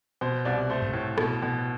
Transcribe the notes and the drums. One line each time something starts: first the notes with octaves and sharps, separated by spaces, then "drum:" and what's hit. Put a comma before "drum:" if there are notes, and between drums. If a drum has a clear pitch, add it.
B2 C5
C2 D5
A3 C5
drum: tom G2
A2
B2, drum: rim click
B2